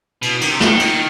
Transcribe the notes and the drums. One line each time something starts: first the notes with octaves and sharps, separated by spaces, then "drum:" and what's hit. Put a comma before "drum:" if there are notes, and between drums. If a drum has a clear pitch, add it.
B2, drum: cymbal
D#3, drum: cymbal
C3
D#3, drum: snare
drum: cymbal